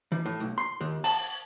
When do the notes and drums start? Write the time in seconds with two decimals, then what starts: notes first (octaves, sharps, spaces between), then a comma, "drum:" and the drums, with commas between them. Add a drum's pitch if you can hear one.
0.12 E3
0.26 A2
0.40 B1
0.58 C6
0.80 D#2
1.04 A5, drum: open hi-hat